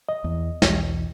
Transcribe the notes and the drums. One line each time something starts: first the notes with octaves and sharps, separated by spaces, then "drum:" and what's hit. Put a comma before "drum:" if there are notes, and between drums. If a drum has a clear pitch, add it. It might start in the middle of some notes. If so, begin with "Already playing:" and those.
D#5
E2
B1 E2, drum: snare